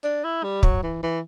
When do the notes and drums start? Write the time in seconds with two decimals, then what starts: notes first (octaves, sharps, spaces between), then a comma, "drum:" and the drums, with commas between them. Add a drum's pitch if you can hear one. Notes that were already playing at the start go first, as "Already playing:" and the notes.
0.04 D4
0.24 E4
0.44 G3
0.63 F#3, drum: kick
0.83 E3
1.03 E3